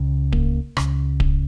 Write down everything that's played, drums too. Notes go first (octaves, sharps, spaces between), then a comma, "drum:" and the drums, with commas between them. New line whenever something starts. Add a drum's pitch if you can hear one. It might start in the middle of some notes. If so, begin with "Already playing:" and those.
Already playing: C#2 C#3
A#3, drum: kick D1
C#2 C#3, drum: rim click
drum: kick D1